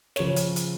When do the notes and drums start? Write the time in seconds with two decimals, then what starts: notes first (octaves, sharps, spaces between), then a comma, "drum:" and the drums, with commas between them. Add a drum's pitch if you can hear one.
0.16 C#5, drum: snare
0.19 C#3 F3
0.36 drum: hi-hat
0.56 drum: hi-hat